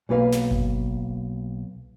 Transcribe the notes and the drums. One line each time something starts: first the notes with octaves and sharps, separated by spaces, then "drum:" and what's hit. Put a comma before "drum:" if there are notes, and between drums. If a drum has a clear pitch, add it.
B1 A#3 B4 F5
drum: snare
drum: kick G1